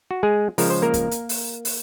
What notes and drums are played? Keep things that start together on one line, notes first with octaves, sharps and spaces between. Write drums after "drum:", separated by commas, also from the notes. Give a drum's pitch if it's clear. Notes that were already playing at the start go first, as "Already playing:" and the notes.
F#4
G#3 G#4
C#3 F3 G#3 A#4, drum: open hi-hat
C5
A#3 A#4
drum: kick, hi-hat
drum: hi-hat
drum: open hi-hat
drum: open hi-hat